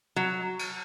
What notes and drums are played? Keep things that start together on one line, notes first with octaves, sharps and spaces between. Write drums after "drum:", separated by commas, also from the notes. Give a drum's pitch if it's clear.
F#3
drum: cymbal